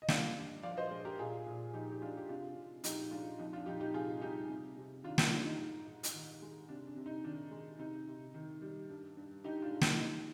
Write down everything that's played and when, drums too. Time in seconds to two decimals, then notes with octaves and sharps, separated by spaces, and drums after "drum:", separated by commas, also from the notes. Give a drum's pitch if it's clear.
0.02 D#5
0.08 G2 D5 F5, drum: snare
0.36 G2
0.63 F3 D5 F5
0.77 C5 D#5
0.91 G#3
1.05 G4 A#4
1.18 A#2 F4 G#4
1.46 A#2
1.73 F3 D#4 G4
1.92 G4
2.02 G#3 D4 F4
2.17 G4
2.29 C3 D4 F4
2.56 C3
2.84 F3 D#4 G4, drum: hi-hat
3.11 G#3 D4 F4
3.38 F2 D#4
3.53 D4 F4
3.66 F2 D#4 G4
3.80 D#4 G4
3.94 C3 F4 G#4
4.21 G3 D#4 G4
4.49 C3
4.77 C3
5.04 D#3 D4 F4
5.18 D#4, drum: snare
5.31 G3 D4
5.45 D#4
5.60 G#2
5.87 G#2
6.03 drum: hi-hat
6.14 D#3
6.42 G#3
6.69 C3 D4
6.87 D4
6.96 C3
7.06 D#4
7.24 D#3 D4
7.51 G#3
7.79 C3 D#4
8.07 C3
8.34 D#3
8.62 G3
8.90 G2
9.17 G2
9.44 D3 D#4 G4
9.62 D4 F4
9.72 G#3
9.81 D#4, drum: snare
9.99 G3 D#4